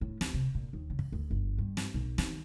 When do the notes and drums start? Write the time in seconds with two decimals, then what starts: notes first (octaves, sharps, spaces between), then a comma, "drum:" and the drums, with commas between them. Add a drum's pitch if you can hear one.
0.01 A2
0.21 D2, drum: snare
0.34 C3
0.55 A#2
0.73 D#2
0.90 C#3
0.99 drum: kick
1.12 D2
1.31 G1
1.58 G2
1.77 drum: snare
1.94 B1
2.18 D#3, drum: snare